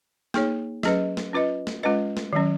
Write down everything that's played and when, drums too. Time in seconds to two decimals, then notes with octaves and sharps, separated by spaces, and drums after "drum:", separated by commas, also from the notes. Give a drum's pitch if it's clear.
0.34 A#3 D#4 G#4 C#5, drum: snare
0.83 F#3 C#4 G#4 B4 D#5, drum: snare
1.17 drum: snare
1.33 C#4 F4 B4 D#5
1.67 drum: snare
1.83 G#3 C#4 F4 B4 D#5
2.17 drum: snare
2.33 D#3 F#3 C#4